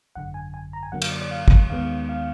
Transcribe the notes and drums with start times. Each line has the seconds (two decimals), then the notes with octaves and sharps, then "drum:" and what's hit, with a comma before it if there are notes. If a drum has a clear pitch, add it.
0.15 G#1 F#2 D3 F#5
0.34 G#5
0.54 G#5
0.73 A#5
0.83 G#5
0.92 F#2 D3 F#3 A#3 F#5
1.02 F5, drum: cymbal
1.12 D5
1.22 D5
1.31 F5
1.48 drum: kick
1.70 D#2 D#3 G#3 B3 F5
2.09 F5